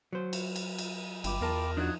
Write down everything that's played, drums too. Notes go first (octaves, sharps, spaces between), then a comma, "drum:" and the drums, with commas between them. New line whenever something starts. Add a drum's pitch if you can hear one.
F#3 C5
drum: cymbal
drum: cymbal
drum: cymbal
G1 G5 B5 D6, drum: cymbal
E2 F4 A#4 A5
F3 D4 D#4 F#4 D#6 F#6 G#6